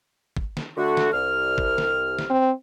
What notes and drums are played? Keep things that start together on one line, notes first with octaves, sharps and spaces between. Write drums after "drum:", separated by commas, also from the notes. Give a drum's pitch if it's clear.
drum: kick
drum: snare
D3 A3 F#4
drum: snare
C2 F6
drum: kick
drum: snare
drum: snare
C4